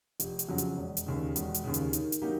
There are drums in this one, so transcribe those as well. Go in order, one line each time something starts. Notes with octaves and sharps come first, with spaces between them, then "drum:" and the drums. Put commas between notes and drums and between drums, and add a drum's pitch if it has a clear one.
F1, drum: hi-hat
drum: hi-hat
F2 C#3 F#3
drum: hi-hat
E1
drum: hi-hat
D#2 C#3
E1, drum: hi-hat
drum: hi-hat
D#2 C#3
drum: hi-hat
D#3, drum: hi-hat
drum: hi-hat
F#3 A#3 D#4 G4